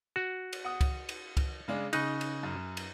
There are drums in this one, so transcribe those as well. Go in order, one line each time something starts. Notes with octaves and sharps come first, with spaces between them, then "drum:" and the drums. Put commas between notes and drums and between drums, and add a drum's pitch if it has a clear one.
F#4
drum: cymbal
F#5 D#6
drum: kick C#2, cymbal
drum: cymbal
drum: kick C#2, cymbal
C#3 G#3 D4
C#3 D#4 F#6, drum: cymbal
drum: cymbal
F#2
drum: cymbal